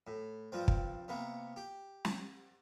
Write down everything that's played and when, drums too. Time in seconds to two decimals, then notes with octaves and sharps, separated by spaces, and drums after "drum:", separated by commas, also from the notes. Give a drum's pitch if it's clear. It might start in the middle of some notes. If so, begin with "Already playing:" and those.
0.07 A2
0.52 G2 F3 C4
0.68 drum: kick
1.08 C3 A#3 B3
1.56 G4
2.05 drum: snare